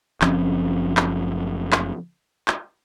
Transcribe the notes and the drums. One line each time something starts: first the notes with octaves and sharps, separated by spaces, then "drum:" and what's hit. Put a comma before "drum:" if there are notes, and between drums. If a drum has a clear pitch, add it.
F#1 F3 C4 C#4, drum: clap
drum: clap
drum: clap
drum: clap